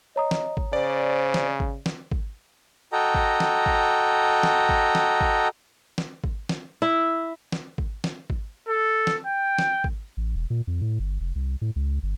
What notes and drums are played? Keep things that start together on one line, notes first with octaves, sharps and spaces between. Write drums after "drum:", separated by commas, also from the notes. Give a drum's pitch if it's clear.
C#5 D#5 A#5 D#6
drum: snare
drum: kick G#1
C#3 C5 D5
drum: snare
drum: kick G#1
drum: snare
drum: kick G#1
F#4 A4 D#5 G5 A#5
drum: kick G#1
drum: snare
drum: kick G#1
drum: snare
drum: kick G#1
drum: snare
drum: kick G#1
drum: snare
drum: kick G#1
drum: snare
E4
drum: snare
drum: kick G#1
drum: snare
drum: kick G#1
A4
drum: snare
G5
drum: snare
drum: kick G#1
A1
E1
A#2
F2
A2
G1
F1
C2
A2
C#2
G1